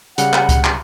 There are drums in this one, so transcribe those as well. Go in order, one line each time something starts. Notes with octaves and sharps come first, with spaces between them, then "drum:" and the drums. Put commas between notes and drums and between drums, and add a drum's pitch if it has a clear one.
C#3 G3 F#5, drum: hi-hat
drum: clap
drum: kick C#2, hi-hat
drum: clap